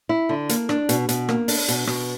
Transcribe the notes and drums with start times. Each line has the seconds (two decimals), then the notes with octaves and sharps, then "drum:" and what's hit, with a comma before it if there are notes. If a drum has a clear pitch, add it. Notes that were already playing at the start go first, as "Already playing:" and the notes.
0.09 E4
0.29 D3
0.49 A#3, drum: hi-hat
0.69 D4, drum: rim click
0.89 B2, drum: hi-hat
1.09 B2, drum: hi-hat
1.29 A#3, drum: rim click
1.48 D4, drum: open hi-hat
1.68 B2, drum: hi-hat
1.87 B2, drum: rim click